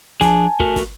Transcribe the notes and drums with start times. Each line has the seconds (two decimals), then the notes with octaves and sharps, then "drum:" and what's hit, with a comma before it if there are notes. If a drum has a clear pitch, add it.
0.21 F3 D4 G#4 G#5 A5, drum: snare
0.60 A3 F#4 A#4, drum: kick
0.76 drum: snare